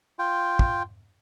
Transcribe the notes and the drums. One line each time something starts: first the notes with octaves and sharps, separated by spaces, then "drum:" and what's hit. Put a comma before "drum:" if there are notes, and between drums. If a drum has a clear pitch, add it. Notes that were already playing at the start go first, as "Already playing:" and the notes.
F4 G5
drum: kick